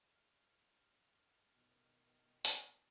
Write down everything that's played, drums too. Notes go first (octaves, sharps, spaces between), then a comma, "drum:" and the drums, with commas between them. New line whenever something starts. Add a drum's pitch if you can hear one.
F6
B2 D#3
drum: hi-hat